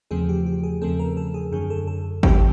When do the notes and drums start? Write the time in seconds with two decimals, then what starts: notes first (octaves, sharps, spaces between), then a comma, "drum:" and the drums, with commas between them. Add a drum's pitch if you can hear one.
0.11 E2 C#3 F3 A3 C4 G#4
0.29 G4
0.46 G4
0.63 G#4
0.82 E2 C#3 F3 A3 C4 A4
0.99 A#4
1.17 A4
1.34 G#4
1.52 F#2 D3 F#3 G#4
1.70 A4
1.87 A4
2.23 F#2 D3 F#3 G4, drum: kick G#1